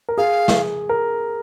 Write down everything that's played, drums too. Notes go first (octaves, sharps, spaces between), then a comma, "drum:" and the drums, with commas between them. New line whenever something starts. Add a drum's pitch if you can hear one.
A#4
G#4 F5
drum: snare
A#4